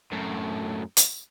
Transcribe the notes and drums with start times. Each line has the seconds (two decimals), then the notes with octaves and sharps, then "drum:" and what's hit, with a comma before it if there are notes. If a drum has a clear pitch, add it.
0.12 F#2 A2
0.97 drum: hi-hat